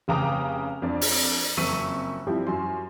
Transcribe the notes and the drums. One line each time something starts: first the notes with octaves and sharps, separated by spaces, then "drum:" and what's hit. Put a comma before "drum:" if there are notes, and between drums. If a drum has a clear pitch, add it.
F1 C#3 G5 A#5 D6 D#6
F2 D4
drum: open hi-hat
F#1 F2 C#6 E6 B6 D#7
F3 G3 C4 E4 G4
F#2 C6